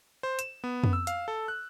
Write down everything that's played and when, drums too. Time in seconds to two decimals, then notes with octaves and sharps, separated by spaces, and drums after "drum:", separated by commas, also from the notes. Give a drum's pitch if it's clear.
0.23 C5
0.39 E7, drum: hi-hat
0.64 B3
0.84 drum: tom F2
0.93 E6
1.07 F5, drum: hi-hat
1.28 A4
1.48 F#6